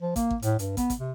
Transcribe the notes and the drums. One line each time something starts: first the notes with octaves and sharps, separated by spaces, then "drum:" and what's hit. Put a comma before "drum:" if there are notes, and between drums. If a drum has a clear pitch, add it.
F3
A#3, drum: kick, hi-hat
drum: kick
A2, drum: hi-hat
G2, drum: hi-hat
B3, drum: kick, hi-hat
drum: kick, hi-hat
C3